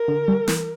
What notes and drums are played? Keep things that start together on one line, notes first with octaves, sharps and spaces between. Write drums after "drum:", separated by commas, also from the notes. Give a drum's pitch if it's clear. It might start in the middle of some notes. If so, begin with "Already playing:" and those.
Already playing: A#4
D3
G3
E3, drum: snare